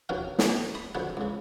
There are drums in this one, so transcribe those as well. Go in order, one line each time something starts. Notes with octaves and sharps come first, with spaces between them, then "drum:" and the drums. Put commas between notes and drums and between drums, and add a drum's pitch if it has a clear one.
A#1 D#2 B2 C#4 A#4 F5
drum: snare
B5 C6 D#6
A#1 D3 D#3 F#3 B3 C5
C#2 C#3